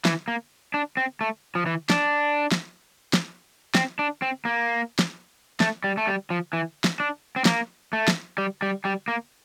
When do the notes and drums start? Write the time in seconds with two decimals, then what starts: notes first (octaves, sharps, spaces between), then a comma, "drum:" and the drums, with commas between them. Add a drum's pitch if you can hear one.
0.05 E3, drum: snare
0.28 A#3
0.74 D4
0.97 C4
1.21 A3
1.55 F3
1.66 E3
1.90 D4, drum: snare
2.52 drum: snare
3.13 drum: snare
3.75 C4, drum: snare
3.99 D4
4.22 C4
4.45 A#3
4.99 drum: snare
5.60 A3, drum: snare
5.84 G3
5.97 A3
6.07 G3
6.30 F3
6.53 E3
6.84 drum: snare
7.00 D4
7.36 C4
7.45 A#3, drum: snare
7.93 A3
8.08 drum: snare
8.38 G3
8.62 G3
8.85 G3
9.08 A#3